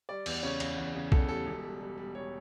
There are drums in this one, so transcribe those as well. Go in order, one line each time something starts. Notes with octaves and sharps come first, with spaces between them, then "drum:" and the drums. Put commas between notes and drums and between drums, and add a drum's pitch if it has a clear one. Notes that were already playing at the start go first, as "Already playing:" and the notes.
G3 D5
E2, drum: cymbal
C#3 C#5
E2, drum: cymbal
E2
C#3
E2 A4, drum: kick
G3 A4
E1
G3
G3
G3
G3 C#5